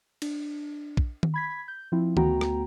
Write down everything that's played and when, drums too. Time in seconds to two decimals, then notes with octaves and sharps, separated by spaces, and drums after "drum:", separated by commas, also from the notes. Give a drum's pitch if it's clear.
0.22 D4, drum: cymbal
0.97 drum: kick
1.23 drum: tom D#3
1.34 B5 G#6 B6
1.68 G6
1.92 F3 C4 E4
2.17 D2 A3 B3 F#4 G5 A#5, drum: tom D#3
2.41 drum: rim click